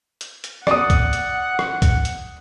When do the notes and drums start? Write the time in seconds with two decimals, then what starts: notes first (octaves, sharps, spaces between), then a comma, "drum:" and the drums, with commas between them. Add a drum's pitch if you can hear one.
0.21 drum: hi-hat
0.44 drum: hi-hat
0.67 D5 F#5 D#6, drum: rim click
0.90 drum: kick, hi-hat
1.13 drum: hi-hat
1.59 drum: rim click
1.82 drum: kick, hi-hat
2.05 drum: hi-hat